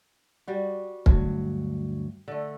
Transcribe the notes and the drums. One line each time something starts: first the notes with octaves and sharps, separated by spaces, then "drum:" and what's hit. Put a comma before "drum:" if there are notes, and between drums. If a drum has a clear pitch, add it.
G3 F#4
D2 G2 F#3, drum: kick
D3 A3